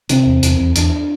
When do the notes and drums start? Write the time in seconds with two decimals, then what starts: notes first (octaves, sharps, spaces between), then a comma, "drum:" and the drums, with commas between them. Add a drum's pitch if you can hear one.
0.09 C3 C4, drum: hi-hat
0.26 E2
0.43 E2, drum: hi-hat
0.60 E2
0.76 E2 D4, drum: hi-hat